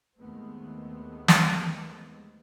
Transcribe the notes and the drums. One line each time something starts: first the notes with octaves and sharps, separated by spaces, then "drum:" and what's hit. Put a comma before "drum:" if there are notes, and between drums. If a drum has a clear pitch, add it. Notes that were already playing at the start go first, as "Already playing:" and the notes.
D#2 D#3 G#3 A3 B3 C4
drum: snare